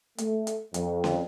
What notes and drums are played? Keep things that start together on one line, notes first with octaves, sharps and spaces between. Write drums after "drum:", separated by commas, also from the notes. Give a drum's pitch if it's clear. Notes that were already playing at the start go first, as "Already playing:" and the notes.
A3, drum: hi-hat
drum: hi-hat
F2, drum: hi-hat
drum: snare C#4